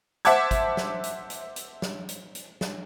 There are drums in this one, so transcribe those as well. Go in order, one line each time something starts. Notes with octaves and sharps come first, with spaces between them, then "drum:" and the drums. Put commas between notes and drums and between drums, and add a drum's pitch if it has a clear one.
C5 E5 F#5 A5 D6 G#6, drum: hi-hat
drum: kick, hi-hat
drum: snare
drum: hi-hat
drum: hi-hat
drum: hi-hat
drum: snare
drum: hi-hat
drum: hi-hat
drum: snare